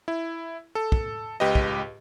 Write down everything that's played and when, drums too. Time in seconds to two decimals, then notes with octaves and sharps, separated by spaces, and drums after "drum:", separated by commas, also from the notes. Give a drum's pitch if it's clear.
0.08 E4
0.75 A4
0.92 drum: kick
1.40 C#2 G4 B4 D#5
1.55 drum: kick